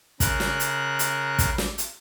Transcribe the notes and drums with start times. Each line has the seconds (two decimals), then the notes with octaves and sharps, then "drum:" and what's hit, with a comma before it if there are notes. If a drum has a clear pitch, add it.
0.20 C#3 A#4 F#6, drum: kick, hi-hat
0.40 drum: snare
0.60 drum: hi-hat
0.99 drum: hi-hat
1.39 drum: kick, hi-hat
1.58 drum: snare
1.78 drum: hi-hat